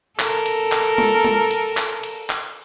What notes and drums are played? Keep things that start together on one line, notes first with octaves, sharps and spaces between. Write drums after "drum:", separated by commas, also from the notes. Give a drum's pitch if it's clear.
A4 A#4, drum: clap
drum: cymbal
drum: clap
drum: tom G#3
drum: tom G#3
drum: cymbal
drum: clap
drum: cymbal
drum: clap